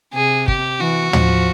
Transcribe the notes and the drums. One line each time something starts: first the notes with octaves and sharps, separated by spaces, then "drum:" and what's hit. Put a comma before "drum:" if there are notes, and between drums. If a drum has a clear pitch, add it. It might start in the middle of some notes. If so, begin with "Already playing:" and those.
C3 G#4
G4, drum: kick
E3 F#4
F3, drum: tom